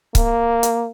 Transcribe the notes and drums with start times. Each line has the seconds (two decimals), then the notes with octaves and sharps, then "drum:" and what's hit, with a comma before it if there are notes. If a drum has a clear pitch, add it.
0.15 A#3, drum: kick C#1, hi-hat
0.63 drum: hi-hat